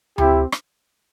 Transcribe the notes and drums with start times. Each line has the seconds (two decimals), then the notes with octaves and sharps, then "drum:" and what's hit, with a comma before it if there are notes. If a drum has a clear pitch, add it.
0.18 C4 E4 G4, drum: tom D2
0.52 drum: rim click